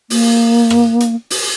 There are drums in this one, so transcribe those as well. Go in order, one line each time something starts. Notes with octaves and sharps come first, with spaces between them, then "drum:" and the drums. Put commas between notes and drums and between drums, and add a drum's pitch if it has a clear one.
A#3, drum: open hi-hat
drum: rim click
drum: hi-hat
drum: open hi-hat